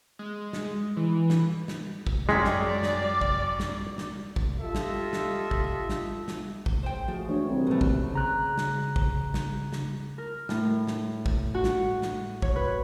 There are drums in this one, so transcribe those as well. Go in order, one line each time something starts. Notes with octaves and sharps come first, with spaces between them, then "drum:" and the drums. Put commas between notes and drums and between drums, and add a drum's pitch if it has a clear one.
G#3
drum: snare
E3
drum: snare
drum: snare
drum: kick
F#2 G#3 D5 G5 B6
drum: snare
drum: snare
drum: kick
drum: snare
drum: snare
drum: kick
F4 G4 A4 D#5 E5
drum: snare
drum: snare
drum: kick
drum: snare
drum: snare
drum: kick
G#3 C5 G5
F3 A3 F#4 G#4
D2 E3 D#4 C#5
C2
A#2 D#3 A3 C#4 B4
drum: kick
C#3 A#5 F#6
drum: snare
drum: kick
drum: snare
drum: snare
A#4
A2, drum: snare
drum: snare
drum: kick
F#4
drum: snare
drum: snare
C#5, drum: kick
B4